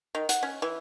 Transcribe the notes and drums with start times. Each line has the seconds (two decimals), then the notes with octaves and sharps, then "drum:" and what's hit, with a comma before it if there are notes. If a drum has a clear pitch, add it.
0.15 D#3
0.29 F#5, drum: hi-hat
0.43 C#4
0.62 E3